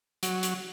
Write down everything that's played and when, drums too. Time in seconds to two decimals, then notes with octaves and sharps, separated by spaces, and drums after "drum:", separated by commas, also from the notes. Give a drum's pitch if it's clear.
0.23 F#3, drum: hi-hat
0.43 drum: hi-hat